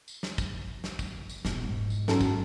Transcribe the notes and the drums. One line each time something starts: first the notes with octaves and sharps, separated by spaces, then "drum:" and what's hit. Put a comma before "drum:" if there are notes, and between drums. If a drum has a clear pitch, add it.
drum: tambourine
drum: snare
drum: kick, tambourine
drum: snare
drum: kick, tambourine
drum: tambourine
E1 A#1, drum: snare
G#2
drum: tambourine
F#2 A4, drum: snare
drum: kick, tambourine